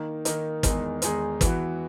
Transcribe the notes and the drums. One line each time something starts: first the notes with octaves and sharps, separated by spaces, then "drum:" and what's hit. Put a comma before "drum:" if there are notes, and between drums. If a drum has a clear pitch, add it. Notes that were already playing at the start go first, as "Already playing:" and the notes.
Already playing: D#3 A#3 D#4
D#3 A#3 D#4, drum: hi-hat
E2 D#3 G#3 D#4 G#4, drum: kick, hi-hat
E2 D#3 G#3 D#4 G#4, drum: hi-hat
E3 B3 F#4, drum: kick, hi-hat